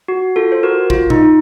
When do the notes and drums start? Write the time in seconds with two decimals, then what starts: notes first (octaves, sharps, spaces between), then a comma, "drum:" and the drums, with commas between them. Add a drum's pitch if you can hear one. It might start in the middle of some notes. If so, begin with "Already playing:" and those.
0.08 F#4
0.36 F4 A4
0.52 C5
0.63 F#4 A#4
0.90 F4, drum: kick
1.10 D#4, drum: tom A#2